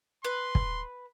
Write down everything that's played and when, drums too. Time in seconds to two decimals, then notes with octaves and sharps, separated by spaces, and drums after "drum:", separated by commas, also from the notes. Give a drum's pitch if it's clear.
0.24 B4 C6
0.55 drum: kick